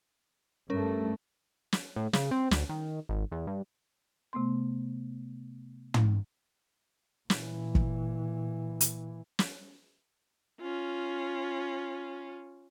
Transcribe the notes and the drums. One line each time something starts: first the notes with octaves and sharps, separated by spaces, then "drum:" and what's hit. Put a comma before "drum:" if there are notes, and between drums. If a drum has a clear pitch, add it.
G2 A3 C#4 A#4
drum: snare
A2
C#3, drum: snare
C4
D2, drum: snare
D#3
G#1
E2
G2
C3 A3 B3 C6
drum: tom
A#2 E3, drum: snare
drum: kick
drum: hi-hat
drum: snare
C#4 F4